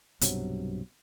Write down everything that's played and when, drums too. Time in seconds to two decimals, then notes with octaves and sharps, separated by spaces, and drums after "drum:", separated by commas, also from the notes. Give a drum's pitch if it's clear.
0.21 B1 G2 C3 F#3, drum: hi-hat